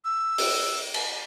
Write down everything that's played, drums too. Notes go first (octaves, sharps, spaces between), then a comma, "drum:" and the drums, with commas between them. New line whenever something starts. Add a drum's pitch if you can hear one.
E6
drum: open hi-hat
drum: cymbal